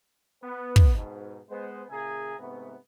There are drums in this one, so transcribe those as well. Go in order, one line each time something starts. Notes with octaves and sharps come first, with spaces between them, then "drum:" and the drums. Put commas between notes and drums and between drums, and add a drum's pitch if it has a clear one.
B3
drum: kick
G#2 B2
G#3 B3 C5
A#2 C#3 G#4 E5 G#5 A#5
G#2 C3 A3 B3